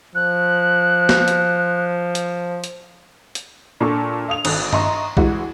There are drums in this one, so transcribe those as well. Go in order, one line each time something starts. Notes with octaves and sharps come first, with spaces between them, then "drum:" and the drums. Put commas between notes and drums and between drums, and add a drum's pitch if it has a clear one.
F3 F#6
drum: snare
drum: hi-hat
drum: hi-hat
drum: hi-hat
drum: hi-hat
A#2 D4 A4 A5 C#6
F5 D#6 F7
G#1 A4 F#6, drum: cymbal
D#5 E5 A#5 C6 C#6, drum: tom G2
E3 G3 G#3 F#4, drum: kick B1